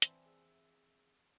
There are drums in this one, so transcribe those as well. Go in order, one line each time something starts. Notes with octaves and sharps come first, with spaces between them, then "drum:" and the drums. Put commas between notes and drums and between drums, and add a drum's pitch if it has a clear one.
E3 C4 D5 G#5 A5, drum: hi-hat
G#4 E5 E6